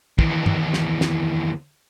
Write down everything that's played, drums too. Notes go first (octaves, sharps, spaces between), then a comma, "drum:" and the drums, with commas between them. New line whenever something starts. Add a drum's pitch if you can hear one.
D#2 E3, drum: kick
drum: tom G2
drum: snare
drum: snare